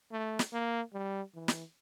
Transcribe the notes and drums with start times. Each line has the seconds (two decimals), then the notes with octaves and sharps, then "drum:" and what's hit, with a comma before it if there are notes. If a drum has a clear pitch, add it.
0.11 A3
0.39 drum: snare
0.53 A#3
0.93 G3
1.35 E3
1.48 drum: snare